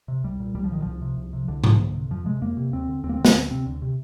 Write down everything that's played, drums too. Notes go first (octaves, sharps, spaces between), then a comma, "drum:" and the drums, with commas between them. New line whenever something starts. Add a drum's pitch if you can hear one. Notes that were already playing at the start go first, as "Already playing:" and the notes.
C3
C2 G3
A#2
C2 G3
F3
A#2 D#3
C2 F3
C3
C2
C3
C2 D3
C3, drum: tom G#2
C2
C3
F2 F3
C3 G#3
F2 A#3
C3
D#2 C4
D3
D#2 C4
A#3
C4
D3
C4, drum: snare
D2
C3 C4
D2
C3